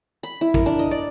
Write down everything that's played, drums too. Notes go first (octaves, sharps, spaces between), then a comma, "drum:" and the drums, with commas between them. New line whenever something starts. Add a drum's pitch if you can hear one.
B5
E4
A#4, drum: kick
D4
D#5
D5